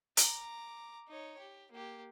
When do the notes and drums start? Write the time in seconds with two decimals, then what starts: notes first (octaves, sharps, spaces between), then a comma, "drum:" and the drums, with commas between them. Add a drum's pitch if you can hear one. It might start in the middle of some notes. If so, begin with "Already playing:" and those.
0.17 A#5 D6, drum: hi-hat
1.08 D#4 C#5
1.39 G4
1.72 A#3 G4